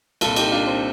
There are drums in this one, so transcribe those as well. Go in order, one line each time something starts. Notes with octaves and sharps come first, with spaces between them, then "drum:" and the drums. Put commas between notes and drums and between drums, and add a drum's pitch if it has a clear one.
C2 A#2 F4 A4, drum: cymbal
D#4 G4, drum: cymbal
D4 F4
C4 D#4